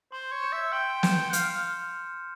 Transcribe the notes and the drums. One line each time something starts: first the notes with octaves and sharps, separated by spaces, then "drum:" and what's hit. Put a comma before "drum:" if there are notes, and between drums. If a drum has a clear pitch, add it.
C5 C6
C#5
G6 C#7 E7
E5
G5 C6
G6 C#7 E7, drum: snare
F5 F6, drum: hi-hat